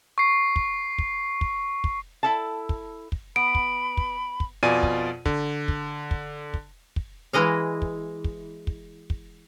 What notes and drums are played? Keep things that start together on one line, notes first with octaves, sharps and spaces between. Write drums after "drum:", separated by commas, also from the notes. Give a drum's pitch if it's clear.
C#6 C7
drum: kick
drum: kick
drum: kick
drum: kick
E4 A4 A5
drum: kick
drum: kick
B3 B5 D7
drum: kick
drum: kick
drum: kick
F2 B2 F4 D5 G#5 D#7
drum: kick
D3, drum: kick
drum: kick
drum: kick
drum: kick
drum: kick
E3 G#3 D#5 F5
drum: kick
drum: kick
drum: kick
drum: kick